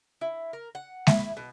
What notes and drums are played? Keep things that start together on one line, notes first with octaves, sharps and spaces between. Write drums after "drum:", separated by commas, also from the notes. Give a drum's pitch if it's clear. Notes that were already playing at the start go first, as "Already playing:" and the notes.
E4
A#4
F#5
E4, drum: snare G#3
B2